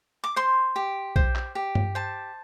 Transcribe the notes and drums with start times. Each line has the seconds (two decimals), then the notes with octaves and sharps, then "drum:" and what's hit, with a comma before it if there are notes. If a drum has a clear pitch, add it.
0.24 D6
0.36 C5 C6
0.76 G4
1.16 C5, drum: kick B1
1.36 drum: clap
1.55 G4
1.75 drum: tom G2
1.95 C5 A5